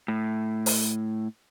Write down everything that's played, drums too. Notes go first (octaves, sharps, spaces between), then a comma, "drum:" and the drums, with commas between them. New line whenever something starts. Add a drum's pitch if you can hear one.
A2
drum: open hi-hat